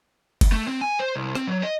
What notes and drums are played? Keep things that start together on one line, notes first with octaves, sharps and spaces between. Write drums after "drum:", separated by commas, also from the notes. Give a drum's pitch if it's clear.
drum: kick F#1, cymbal
A3
C4
G#5
C5
C2
C4, drum: rim click
F#3
D#5